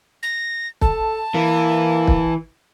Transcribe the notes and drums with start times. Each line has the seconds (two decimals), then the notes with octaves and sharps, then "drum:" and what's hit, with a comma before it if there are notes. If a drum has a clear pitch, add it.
0.23 A#6
0.81 A4 A5, drum: kick
1.34 E3 A#3
2.07 drum: kick